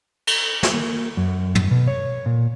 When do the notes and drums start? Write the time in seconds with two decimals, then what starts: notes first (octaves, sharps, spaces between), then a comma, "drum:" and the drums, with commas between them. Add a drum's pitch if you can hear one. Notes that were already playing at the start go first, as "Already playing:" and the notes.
0.27 drum: cymbal
0.63 drum: snare
0.74 A#3
1.17 F#2
1.55 drum: tom
1.71 B2
1.87 C#5
2.26 A#2